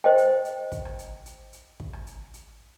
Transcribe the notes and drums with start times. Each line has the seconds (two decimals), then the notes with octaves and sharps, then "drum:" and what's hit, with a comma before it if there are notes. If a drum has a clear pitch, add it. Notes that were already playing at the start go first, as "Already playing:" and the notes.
0.04 C5 D#5 G5
0.18 drum: hi-hat
0.45 drum: hi-hat
0.72 drum: kick, hi-hat
0.85 drum: rim click
0.99 drum: hi-hat
1.26 drum: hi-hat
1.53 drum: hi-hat
1.80 drum: kick
1.93 drum: rim click
2.07 drum: hi-hat
2.34 drum: hi-hat